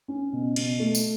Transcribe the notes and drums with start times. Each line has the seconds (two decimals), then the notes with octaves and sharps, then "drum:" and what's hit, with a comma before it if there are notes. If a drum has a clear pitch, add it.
0.08 C#4
0.33 B2
0.56 B2, drum: cymbal
0.80 A3
0.95 drum: tambourine